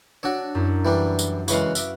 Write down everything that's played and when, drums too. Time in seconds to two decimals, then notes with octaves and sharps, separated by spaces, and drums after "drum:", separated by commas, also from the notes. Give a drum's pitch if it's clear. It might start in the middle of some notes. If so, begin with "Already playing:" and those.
0.23 D4 F#4 C#5 E6
0.55 F#2 E4
0.85 E3 G3 D4
1.19 drum: tambourine
1.48 C#3 E3 G#3 F#4 B4 F5, drum: tambourine
1.75 E5 D6, drum: tambourine